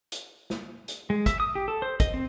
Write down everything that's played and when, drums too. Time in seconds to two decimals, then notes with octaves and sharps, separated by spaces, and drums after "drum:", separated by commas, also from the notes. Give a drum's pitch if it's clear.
0.12 drum: hi-hat
0.50 drum: snare
0.88 drum: hi-hat
1.10 G#3
1.26 E5, drum: kick, hi-hat
1.40 D#6
1.55 G4
1.68 A4
1.82 C5
2.00 D#5, drum: kick, hi-hat
2.14 C4